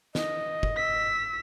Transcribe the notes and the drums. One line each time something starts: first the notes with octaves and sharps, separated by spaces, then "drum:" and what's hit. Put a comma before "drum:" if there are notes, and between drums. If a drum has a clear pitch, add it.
D#5, drum: snare
drum: kick
E6 B6